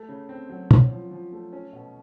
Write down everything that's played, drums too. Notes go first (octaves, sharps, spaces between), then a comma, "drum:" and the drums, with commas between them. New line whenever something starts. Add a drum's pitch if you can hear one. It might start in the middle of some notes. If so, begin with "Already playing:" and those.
Already playing: A3
C#3
C4
F#3
C#4, drum: tom
F3
F3
A3
C#4
B2